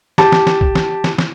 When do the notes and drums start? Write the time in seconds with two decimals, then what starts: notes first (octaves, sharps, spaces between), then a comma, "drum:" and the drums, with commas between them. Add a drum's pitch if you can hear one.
0.18 G4 A5, drum: snare
0.32 drum: snare
0.47 drum: snare
0.61 drum: kick
0.75 drum: snare
1.04 drum: snare
1.19 drum: snare